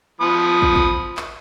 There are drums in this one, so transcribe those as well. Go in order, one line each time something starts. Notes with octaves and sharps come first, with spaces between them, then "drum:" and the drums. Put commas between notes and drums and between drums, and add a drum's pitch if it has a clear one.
F3 B5 D#6
drum: kick
drum: kick
drum: clap